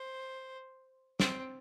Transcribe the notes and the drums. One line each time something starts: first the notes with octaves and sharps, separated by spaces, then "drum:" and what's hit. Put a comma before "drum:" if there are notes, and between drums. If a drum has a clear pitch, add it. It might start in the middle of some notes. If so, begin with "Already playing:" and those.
Already playing: C5
C4, drum: snare